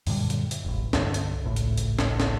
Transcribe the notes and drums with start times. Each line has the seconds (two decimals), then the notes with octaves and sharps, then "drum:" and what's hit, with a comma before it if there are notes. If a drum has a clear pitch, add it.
0.07 F#2 A#2 D3 G3, drum: open hi-hat
0.30 drum: hi-hat
0.51 drum: hi-hat
0.64 E1 A1
0.93 C2 G2 D3, drum: snare
1.14 drum: hi-hat
1.44 G#1 C#2 A2
1.56 drum: hi-hat
1.77 drum: hi-hat
1.99 drum: snare
2.20 drum: snare